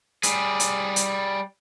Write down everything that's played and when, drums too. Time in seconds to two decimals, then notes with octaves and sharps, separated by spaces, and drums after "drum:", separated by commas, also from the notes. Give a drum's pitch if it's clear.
0.23 G3 G#4, drum: hi-hat
0.60 drum: hi-hat
0.96 drum: hi-hat